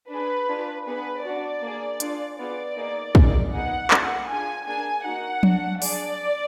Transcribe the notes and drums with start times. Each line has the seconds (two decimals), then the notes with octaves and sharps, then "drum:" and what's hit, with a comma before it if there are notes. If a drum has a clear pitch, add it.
0.10 D4 G#4 B4
0.48 D4 F4 G#4
0.86 B3 D4 G#4 B4
1.24 D4 F#4 D5
1.62 A#3 D4 G#4
2.00 D4 F4 G#4, drum: hi-hat
2.38 B3 F4 G#4 D5
2.76 A#3 D#4 G#4
3.15 A#3 D#4 G#4, drum: kick
3.53 B3 D#4 G#4 F#5
3.91 A#3 F4 G#4, drum: clap
4.28 D4 F4 G#4 G#5
4.67 A#3 D4 G#4 G#5
5.05 A#3 D#4 F#4 F#5
5.43 D4 F#4, drum: tom F3
5.82 D4 G#4 D5, drum: open hi-hat